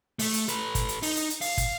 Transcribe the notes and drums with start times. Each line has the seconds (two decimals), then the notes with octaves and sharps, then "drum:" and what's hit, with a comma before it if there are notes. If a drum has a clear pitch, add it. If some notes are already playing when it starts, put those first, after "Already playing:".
0.19 A3 A4, drum: open hi-hat
0.34 drum: hi-hat
0.48 A4 B4, drum: hi-hat
0.75 drum: kick, hi-hat
0.89 drum: hi-hat
1.02 D#4, drum: open hi-hat
1.16 drum: hi-hat
1.30 drum: hi-hat
1.41 F5, drum: open hi-hat
1.57 drum: kick, hi-hat